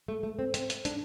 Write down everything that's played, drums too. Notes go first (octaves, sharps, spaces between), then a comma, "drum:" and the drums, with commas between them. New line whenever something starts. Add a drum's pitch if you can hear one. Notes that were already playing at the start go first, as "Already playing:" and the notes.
A3
A3
C4
C4, drum: hi-hat
drum: hi-hat
D4, drum: hi-hat